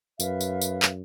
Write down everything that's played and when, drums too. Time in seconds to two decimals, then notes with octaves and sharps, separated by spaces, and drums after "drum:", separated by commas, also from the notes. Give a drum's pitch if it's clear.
0.20 F#2 B4 E5 F5, drum: tambourine
0.41 drum: tambourine
0.62 drum: tambourine
0.82 drum: clap